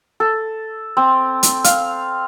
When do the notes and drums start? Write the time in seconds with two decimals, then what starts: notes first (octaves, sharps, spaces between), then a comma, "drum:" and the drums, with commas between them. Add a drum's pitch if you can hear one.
0.20 A4
0.97 C4
1.43 drum: hi-hat
1.64 F5, drum: hi-hat